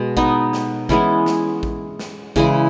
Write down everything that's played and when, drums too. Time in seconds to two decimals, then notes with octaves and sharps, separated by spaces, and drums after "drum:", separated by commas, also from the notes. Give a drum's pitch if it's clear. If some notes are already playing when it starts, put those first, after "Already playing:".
Already playing: B2 G#3
0.17 B3 D#4, drum: kick A1
0.53 drum: snare
0.89 E3 G#3 B3 C#4 E4, drum: kick A1
1.26 drum: snare
1.63 drum: kick A1
1.99 drum: snare
2.36 C#3 E3 G#3 E4 G#4, drum: kick A1